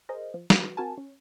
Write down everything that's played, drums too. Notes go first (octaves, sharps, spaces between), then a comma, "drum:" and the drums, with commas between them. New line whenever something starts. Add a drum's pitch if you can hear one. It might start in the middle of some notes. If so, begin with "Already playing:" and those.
G#4 A#4 C5 D#5
F3
F#4 B4, drum: snare
C4 F#4 A#4 G#5 A5
C#4